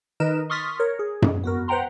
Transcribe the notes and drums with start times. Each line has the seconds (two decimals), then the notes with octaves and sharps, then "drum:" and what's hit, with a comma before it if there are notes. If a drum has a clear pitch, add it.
0.20 D#3 D#4 A#4 B4 D#5 E7
0.50 C6 C#6 D#6 F6 A6 B6
0.80 A#4 C#5
0.99 G#4
1.22 drum: tom F#2
1.43 B3 F#4 A#4
1.68 B4 C5 F#5 G5 A#5 C6